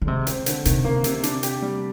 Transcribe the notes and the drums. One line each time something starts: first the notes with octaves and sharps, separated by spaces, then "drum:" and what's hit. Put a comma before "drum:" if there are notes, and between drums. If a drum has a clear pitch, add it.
D3
C3 G#3
C4, drum: hi-hat
D3, drum: hi-hat
C3 D#3, drum: hi-hat
A#3
C3, drum: hi-hat
D4, drum: hi-hat
G4, drum: hi-hat
G3